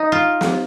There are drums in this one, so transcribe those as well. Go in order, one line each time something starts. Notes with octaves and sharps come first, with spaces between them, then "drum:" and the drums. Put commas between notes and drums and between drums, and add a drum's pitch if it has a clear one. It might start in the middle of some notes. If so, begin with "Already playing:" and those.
Already playing: D#4
F4
drum: snare